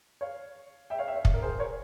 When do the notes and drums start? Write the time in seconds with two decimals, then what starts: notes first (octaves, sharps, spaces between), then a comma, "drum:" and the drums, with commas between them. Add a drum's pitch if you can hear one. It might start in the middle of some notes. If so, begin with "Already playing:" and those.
0.21 C#5 F5
0.90 E5 G5
0.98 C#5 F5
1.07 E5 G5
1.16 C#5 F5
1.25 drum: kick
1.34 A#4
1.42 G#4 C5
1.59 A#4 C#5